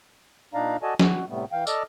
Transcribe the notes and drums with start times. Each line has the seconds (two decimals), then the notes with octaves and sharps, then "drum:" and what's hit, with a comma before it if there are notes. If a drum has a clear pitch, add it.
0.54 A#2 D4 D#4 D5 F5 A#5
0.83 F#4 A4 D5 D#5 G#5 A5
0.99 F#4, drum: snare
1.29 A2 C3 G3 A3 B3
1.52 E3 F5 G5
1.67 A4 D5 D#5 D6 E6 F6, drum: tambourine